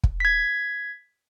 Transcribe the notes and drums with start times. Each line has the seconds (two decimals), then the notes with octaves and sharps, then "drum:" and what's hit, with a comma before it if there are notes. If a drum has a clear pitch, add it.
0.04 drum: kick
0.20 G#6 B6